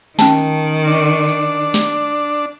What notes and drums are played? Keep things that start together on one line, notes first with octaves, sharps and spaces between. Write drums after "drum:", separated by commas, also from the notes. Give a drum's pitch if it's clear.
D#3 C#4 A5, drum: snare
D4
drum: hi-hat
drum: snare